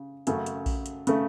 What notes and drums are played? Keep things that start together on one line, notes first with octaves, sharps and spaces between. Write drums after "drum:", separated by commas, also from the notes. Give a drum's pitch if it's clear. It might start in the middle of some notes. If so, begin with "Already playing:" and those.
Already playing: C#3
F#2 C#3 A3, drum: hi-hat
drum: hi-hat
drum: kick A#1, open hi-hat
drum: hi-hat
C#3 A3, drum: hi-hat